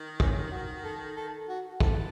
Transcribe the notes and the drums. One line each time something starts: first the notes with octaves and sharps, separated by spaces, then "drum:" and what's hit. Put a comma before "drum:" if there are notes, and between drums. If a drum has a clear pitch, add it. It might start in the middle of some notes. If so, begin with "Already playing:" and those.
Already playing: D#3
C#4, drum: kick
F#4
A4
A4
F#4
E3 A4, drum: kick